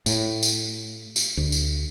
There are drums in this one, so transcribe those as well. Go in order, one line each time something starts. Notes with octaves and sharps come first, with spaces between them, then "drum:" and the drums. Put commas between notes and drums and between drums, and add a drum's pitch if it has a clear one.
A2, drum: tambourine
drum: tambourine
drum: tambourine
D2
drum: tambourine